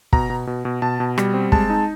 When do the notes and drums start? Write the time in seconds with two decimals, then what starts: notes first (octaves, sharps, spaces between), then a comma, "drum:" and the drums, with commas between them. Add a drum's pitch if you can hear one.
0.13 B2 A#5, drum: kick
0.30 B2
0.47 B2
0.65 B2
0.82 B2 A5
1.00 B2
1.18 G3, drum: rim click
1.34 C4
1.52 G#3 A5, drum: kick
1.70 D#4